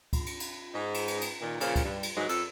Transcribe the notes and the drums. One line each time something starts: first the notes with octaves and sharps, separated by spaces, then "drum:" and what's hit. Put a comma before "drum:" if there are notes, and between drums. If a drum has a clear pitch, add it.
drum: kick C#2, cymbal
drum: cymbal
drum: cymbal
G#2 D#4
drum: cymbal
drum: cymbal
drum: cymbal
A#2 D#3
A#2 C#3 F3, drum: cymbal
drum: kick C#2, cymbal
G2
drum: cymbal
G#2 E3 F#3 G#3
F2 A4, drum: cymbal